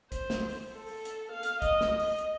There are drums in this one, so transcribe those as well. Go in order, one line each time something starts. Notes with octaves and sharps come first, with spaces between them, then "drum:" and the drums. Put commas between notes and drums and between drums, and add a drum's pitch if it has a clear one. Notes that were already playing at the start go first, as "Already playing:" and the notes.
C5, drum: kick, hi-hat
drum: snare
drum: open hi-hat
A4
drum: open hi-hat
drum: hi-hat
F5
drum: hi-hat
D#5, drum: kick, hi-hat
drum: snare
drum: open hi-hat
drum: hi-hat